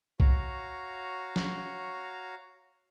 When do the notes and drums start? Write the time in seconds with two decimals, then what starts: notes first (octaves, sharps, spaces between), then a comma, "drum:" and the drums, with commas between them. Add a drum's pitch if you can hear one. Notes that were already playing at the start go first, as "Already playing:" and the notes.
0.20 F#4 C#5 F5 A#5, drum: kick
1.36 drum: snare